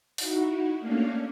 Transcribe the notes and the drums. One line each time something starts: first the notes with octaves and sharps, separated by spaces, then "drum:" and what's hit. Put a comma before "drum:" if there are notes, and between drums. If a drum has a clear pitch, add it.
D#4 E4 F#4, drum: open hi-hat
A3 A#3 C#4 D4 F5